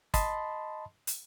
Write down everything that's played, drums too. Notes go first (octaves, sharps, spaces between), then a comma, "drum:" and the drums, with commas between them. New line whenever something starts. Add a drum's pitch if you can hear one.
D#5 A5 B5 C6, drum: kick, hi-hat
drum: hi-hat